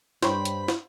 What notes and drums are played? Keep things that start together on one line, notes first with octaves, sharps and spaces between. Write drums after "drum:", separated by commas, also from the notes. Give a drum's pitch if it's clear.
G2 C5 C#5 G5 B5, drum: snare
drum: hi-hat
drum: snare